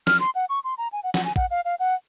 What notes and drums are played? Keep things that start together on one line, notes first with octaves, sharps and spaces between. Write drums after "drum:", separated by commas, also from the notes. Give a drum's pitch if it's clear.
F6, drum: snare
C6
F#5
C#6
C6
A#5
G#5
F#5
F#5, drum: snare
G#5
F#5, drum: kick
F5
F5
F#5